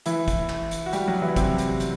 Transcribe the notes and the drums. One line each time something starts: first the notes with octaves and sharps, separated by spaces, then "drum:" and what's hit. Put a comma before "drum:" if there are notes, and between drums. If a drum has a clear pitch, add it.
E3 E4, drum: hi-hat
drum: kick, hi-hat
drum: clap
drum: hi-hat
F#4
G3 G4, drum: hi-hat
F#3 F#4
E3 E4
C3 C4, drum: kick, hi-hat
drum: hi-hat
drum: hi-hat